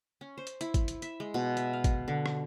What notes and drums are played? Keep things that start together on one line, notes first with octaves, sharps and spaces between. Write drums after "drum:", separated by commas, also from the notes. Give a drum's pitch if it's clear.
C#4
C5
drum: hi-hat
E4, drum: hi-hat
drum: kick, hi-hat
drum: hi-hat
E5, drum: hi-hat
G#3
B2
E5, drum: hi-hat
F5
drum: kick, hi-hat
D3
drum: rim click